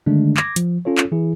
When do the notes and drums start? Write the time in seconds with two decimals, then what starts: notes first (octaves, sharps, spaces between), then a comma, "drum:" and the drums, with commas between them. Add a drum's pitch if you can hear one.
0.06 D3 D#3 G#3 A3 D4
0.37 D6 G#6 A#6, drum: clap
0.56 F3, drum: hi-hat
0.85 C#4 F4 A4 C#5
0.98 drum: clap
1.12 E3 E4 G#4